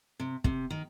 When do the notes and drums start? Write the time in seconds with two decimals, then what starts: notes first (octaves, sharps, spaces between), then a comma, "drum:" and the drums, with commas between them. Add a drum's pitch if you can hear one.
0.20 C3
0.44 C3, drum: kick
0.70 D#3